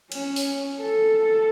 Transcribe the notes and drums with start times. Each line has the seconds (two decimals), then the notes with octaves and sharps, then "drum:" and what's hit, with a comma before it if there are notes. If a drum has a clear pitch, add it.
0.12 C#4, drum: cymbal
0.36 drum: open hi-hat
0.80 A4